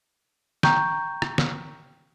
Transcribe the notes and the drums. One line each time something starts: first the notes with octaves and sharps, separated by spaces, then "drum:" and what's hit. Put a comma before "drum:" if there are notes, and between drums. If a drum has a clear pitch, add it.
G5 A#5 C#6 G6, drum: snare
drum: rim click
drum: snare